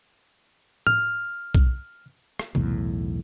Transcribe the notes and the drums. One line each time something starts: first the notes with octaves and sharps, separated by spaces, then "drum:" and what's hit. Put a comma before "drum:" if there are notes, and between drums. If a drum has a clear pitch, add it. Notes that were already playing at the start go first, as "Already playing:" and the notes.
F6, drum: tom A2
drum: kick B1
drum: rim click
B1 E2 A2, drum: tom C3